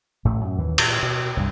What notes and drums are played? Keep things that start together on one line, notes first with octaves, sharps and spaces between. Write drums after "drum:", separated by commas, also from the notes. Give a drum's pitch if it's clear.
A1 A2 C3 A3
F#2
D#2 E3
A#2, drum: cymbal
B2
C2 G2